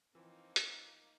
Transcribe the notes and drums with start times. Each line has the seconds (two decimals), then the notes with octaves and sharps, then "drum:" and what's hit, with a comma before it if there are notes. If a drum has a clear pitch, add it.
0.15 E3 F3 A#3 C4 D#4
0.56 drum: hi-hat